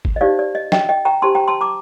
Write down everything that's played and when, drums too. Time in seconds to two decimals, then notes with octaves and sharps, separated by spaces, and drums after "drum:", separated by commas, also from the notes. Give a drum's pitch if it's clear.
0.05 drum: kick G#1
0.16 D#5
0.21 D#4 G4 C5 D5 F5
0.39 D5
0.55 D#5
0.72 D#5 G5, drum: snare
0.89 D#5 G5
1.05 G5 A#5
1.22 D4 G4 C5 A5 C6
1.35 G5 A#5
1.48 A5 C6
1.61 A#5 D6